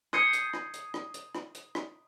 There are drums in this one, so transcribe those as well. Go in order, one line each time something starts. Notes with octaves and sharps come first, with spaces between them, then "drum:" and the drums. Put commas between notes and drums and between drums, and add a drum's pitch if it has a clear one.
D#6 G6 G#6 C7 C#7, drum: rim click
drum: hi-hat
drum: rim click
drum: hi-hat
drum: rim click
drum: hi-hat
drum: rim click
drum: hi-hat
drum: rim click